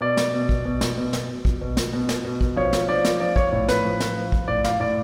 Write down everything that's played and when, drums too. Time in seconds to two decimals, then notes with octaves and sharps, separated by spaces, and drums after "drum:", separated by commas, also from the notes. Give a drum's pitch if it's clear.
0.01 B2 D5
0.17 drum: snare
0.34 B2
0.49 drum: kick
0.65 B2
0.81 drum: snare
0.97 B2
1.13 drum: snare
1.30 B2
1.45 drum: kick
1.61 B2
1.77 drum: snare
1.93 B2
2.09 drum: snare
2.25 B2
2.41 drum: kick
2.56 F3 C#5
2.73 drum: snare
2.89 F3 D5
3.05 drum: snare
3.20 F3 D5
3.36 C#5, drum: kick
3.52 A2 C#5
3.69 B4, drum: snare
3.84 F3
4.00 drum: snare
4.17 F3
4.32 drum: kick
4.48 A2 D5
4.64 F5, drum: snare
4.80 A2 D5